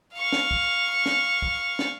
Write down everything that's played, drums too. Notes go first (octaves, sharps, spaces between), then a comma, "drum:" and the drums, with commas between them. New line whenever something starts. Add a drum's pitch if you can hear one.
F5 C#6
drum: snare
drum: kick
drum: snare
drum: kick
drum: snare